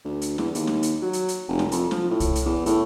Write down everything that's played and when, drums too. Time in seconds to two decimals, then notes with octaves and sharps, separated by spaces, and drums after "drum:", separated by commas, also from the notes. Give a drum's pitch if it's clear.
0.05 D2
0.22 drum: hi-hat
0.38 E2, drum: snare
0.55 D#2, drum: hi-hat
0.67 drum: snare
0.83 drum: hi-hat
1.02 F#3
1.13 drum: hi-hat
1.28 drum: hi-hat
1.48 F1
1.59 drum: snare
1.72 F2, drum: hi-hat
1.91 F3, drum: snare
2.11 A2
2.20 drum: kick C2, hi-hat
2.35 drum: hi-hat
2.46 E2
2.66 A2, drum: hi-hat